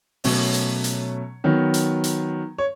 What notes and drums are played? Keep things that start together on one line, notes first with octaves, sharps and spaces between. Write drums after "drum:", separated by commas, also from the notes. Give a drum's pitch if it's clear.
B2 F#3 A3 C#4 C#5, drum: open hi-hat
drum: hi-hat
drum: hi-hat
D#3 F#3 B3
drum: hi-hat
drum: hi-hat
C#5